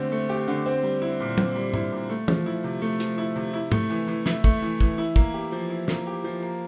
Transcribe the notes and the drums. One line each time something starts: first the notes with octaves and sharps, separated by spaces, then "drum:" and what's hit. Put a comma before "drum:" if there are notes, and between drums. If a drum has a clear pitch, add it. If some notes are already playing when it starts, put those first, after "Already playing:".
Already playing: D3 A3 C4 G4
A3
G4
D3
C4
G3
E4
A#2
C4, drum: tom
G3
E4, drum: tom G#2
A#2
A3
F3, drum: tom
E4
C3
A3
F3, drum: hi-hat
E4
C3
E4
A3, drum: tom G#2
E3
E3
E4, drum: snare
A3, drum: kick
E3
E3, drum: kick
E4
A#3, drum: kick
G4
F3
E4
A#3, drum: snare
G4
F3
A#3